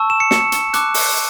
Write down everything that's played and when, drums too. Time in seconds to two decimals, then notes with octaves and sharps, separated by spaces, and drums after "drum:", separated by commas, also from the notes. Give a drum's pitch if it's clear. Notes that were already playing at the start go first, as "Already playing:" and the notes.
Already playing: A5 C#6 E6
0.10 E7
0.20 C#7
0.31 C#7, drum: snare
0.52 drum: hi-hat
0.74 A5 D6 F#6, drum: hi-hat
0.94 drum: open hi-hat